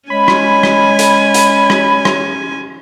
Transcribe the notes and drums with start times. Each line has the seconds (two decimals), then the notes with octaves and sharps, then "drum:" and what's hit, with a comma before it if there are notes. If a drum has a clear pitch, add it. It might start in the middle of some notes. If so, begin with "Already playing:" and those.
0.10 G#3 C#4 C#5 G#5 B5
0.28 drum: rim click
0.63 drum: rim click
0.99 drum: hi-hat
1.34 drum: hi-hat
1.70 drum: rim click
2.05 drum: rim click